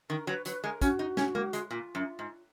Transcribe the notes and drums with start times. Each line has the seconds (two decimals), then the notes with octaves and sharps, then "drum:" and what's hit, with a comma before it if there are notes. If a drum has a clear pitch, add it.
0.09 D#3 A#4
0.27 F#3 B4
0.45 F#3 B4, drum: hi-hat
0.63 G#3 A#4
0.81 C#4 F#4, drum: kick, hi-hat
0.99 D#4
1.17 C#4, drum: snare
1.35 A#3, drum: tom G#3
1.53 G#3, drum: hi-hat
1.71 A#2 F4
1.95 F#2
2.19 G#2